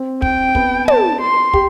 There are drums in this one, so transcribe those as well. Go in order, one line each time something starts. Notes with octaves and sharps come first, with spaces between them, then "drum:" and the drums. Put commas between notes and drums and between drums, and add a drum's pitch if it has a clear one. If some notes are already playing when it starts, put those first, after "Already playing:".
Already playing: C4
G5, drum: kick
B3, drum: kick
A5, drum: tom
C6
G4, drum: kick